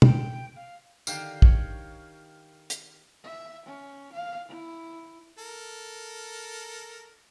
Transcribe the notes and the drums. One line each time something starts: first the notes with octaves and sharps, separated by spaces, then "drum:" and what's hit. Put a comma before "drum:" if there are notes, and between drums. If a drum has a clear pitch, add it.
G5, drum: tom
F5
D3 D#3 G4 F5 G5, drum: tambourine
C#5, drum: kick
drum: hi-hat
E5
C#4
F5
E4
A4 A#4